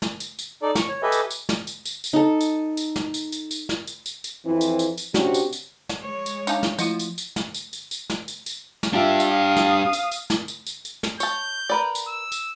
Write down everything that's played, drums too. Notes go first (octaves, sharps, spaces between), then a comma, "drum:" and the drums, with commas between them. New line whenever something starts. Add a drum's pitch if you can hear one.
drum: snare
drum: tambourine
drum: tambourine
D#4 A4 D5
C#6, drum: snare
C#5
G4 A4 B4 D#5 E5 G#5
drum: tambourine
drum: tambourine
drum: snare
drum: tambourine
drum: tambourine
drum: tambourine
D#4 A4
drum: tambourine
drum: tambourine
drum: snare
drum: tambourine
drum: tambourine
drum: tambourine
drum: snare
drum: tambourine
drum: tambourine
drum: tambourine
F2 E3 C4 E4
drum: tambourine
drum: tambourine
drum: tambourine
C3 C#4 D4 F#4 G4, drum: snare
drum: tambourine
drum: tambourine
drum: snare
G#3 C#5
drum: tambourine
D4 D#4 E5 F5 G#5 G6, drum: tambourine
drum: snare
F3 A3 E4 F4 D#5, drum: tambourine
drum: tambourine
drum: tambourine
drum: snare
drum: tambourine
drum: tambourine
drum: tambourine
drum: snare
drum: tambourine
drum: tambourine
drum: snare
D4 F4 G4 E5
drum: tambourine
F5 D#6
drum: snare
drum: tambourine
drum: tambourine
drum: snare
drum: tambourine
drum: tambourine
drum: tambourine
drum: snare
C#5 A5 G6, drum: tambourine
A#4 B4 D5
drum: tambourine
E6
drum: tambourine